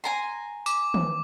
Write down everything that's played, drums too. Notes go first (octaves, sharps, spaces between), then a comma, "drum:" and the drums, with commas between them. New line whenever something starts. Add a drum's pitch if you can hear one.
G#5 A#5 C6
D6, drum: tambourine
drum: tom D#3